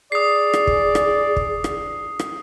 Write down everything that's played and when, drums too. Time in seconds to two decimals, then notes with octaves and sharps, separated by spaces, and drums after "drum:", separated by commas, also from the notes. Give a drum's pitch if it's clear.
0.12 G#4 D5 D#6 C7
0.53 drum: rim click
0.67 drum: kick
0.95 drum: rim click
1.36 drum: kick
1.64 drum: rim click
2.19 drum: rim click